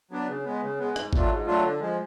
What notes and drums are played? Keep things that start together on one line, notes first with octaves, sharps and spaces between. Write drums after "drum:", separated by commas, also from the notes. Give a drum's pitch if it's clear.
F#3 B3 D4
C#3
G#3 B3
C#3
G#3 B3
G#2, drum: rim click
F#3 A3 D4 F4, drum: kick G#1
G#2
F#3 A3 D4 F4
D3
F3 G#3